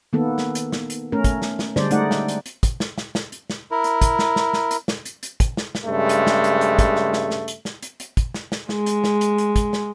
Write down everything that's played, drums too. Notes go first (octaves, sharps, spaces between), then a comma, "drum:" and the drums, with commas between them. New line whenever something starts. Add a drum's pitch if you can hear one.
D#3 A#3 B3 A4
drum: snare
drum: hi-hat
drum: snare
drum: hi-hat
A3 C#4 A#4
drum: kick, hi-hat
drum: snare
drum: snare
D3 G3 G#3 D4 C5 D5, drum: snare
G#3 A3 D#4 D5 F#5, drum: hi-hat
drum: snare
drum: hi-hat
drum: hi-hat
drum: kick, hi-hat
drum: snare
drum: snare
drum: snare
drum: hi-hat
drum: snare
E4 A#4
drum: hi-hat
drum: kick, hi-hat
drum: snare
drum: snare
drum: snare
drum: hi-hat
drum: snare
drum: hi-hat
drum: hi-hat
drum: kick, hi-hat
drum: snare
drum: snare
G2 C#3 G#3 A3
drum: hi-hat
drum: snare
drum: hi-hat
drum: hi-hat
drum: kick, hi-hat
drum: snare
drum: snare
drum: snare
drum: hi-hat
drum: snare
drum: hi-hat
drum: hi-hat
drum: kick, hi-hat
drum: snare
drum: snare
G#3, drum: snare
drum: hi-hat
drum: snare
drum: hi-hat
drum: hi-hat
drum: kick, hi-hat
drum: snare